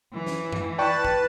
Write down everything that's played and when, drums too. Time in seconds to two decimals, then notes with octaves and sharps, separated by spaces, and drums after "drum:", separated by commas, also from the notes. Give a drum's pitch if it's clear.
0.13 E3
0.26 drum: snare
0.52 drum: tom F#2
0.78 B4 D5 G5 A5 C#6
1.05 drum: kick